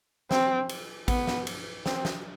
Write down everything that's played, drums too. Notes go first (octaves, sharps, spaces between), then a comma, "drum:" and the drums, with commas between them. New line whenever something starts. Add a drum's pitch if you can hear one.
C4, drum: snare
drum: cymbal
B3, drum: kick A1, cymbal
drum: snare
drum: cymbal
C4, drum: snare
drum: snare